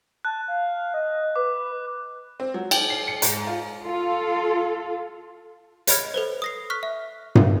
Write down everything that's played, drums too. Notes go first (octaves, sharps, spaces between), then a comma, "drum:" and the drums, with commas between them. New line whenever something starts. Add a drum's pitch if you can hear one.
A5 F#6
F5
D#5
B4 D6
C4
F#3
G5, drum: cymbal
C7
C#7
G#2, drum: hi-hat
F4
F4 A4
C#5 D#5 B5 F6 G#6, drum: hi-hat
A4 B4 C5
D#6 A#6 C7
C#6 F6 F#6 B6
E5
drum: tom G2